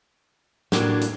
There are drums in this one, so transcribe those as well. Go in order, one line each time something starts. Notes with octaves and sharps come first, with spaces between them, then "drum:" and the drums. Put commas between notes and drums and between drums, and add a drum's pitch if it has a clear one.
A2 F#3 A#3 D4, drum: snare
drum: hi-hat